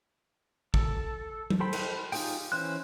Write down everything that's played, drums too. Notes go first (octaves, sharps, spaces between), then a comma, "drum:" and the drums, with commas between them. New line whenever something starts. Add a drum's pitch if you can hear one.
A4, drum: kick
drum: tom F#3
A4 C5 G5 B5
drum: cymbal
D#4 F4 G4 G#4 G5, drum: open hi-hat
E3 C#4 C5 F#6